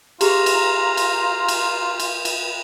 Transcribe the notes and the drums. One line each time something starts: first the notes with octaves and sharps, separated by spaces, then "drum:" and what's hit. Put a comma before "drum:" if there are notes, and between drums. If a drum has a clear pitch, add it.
F4 G4 G#4 A#5, drum: cymbal
drum: cymbal
drum: cymbal
drum: cymbal
drum: cymbal
drum: cymbal